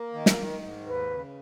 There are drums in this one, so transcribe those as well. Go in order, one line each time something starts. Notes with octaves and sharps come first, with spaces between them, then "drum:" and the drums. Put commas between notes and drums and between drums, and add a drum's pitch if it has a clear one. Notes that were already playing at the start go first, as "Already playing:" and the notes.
Already playing: A#3 A#4
D#3
drum: snare
D#3
G#2
D#2 B4
C#3